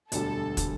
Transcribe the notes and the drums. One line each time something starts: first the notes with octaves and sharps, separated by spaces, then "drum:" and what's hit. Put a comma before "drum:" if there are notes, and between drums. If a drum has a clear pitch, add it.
E1 D2 D3 G3 A4, drum: hi-hat
D3 G3, drum: kick, hi-hat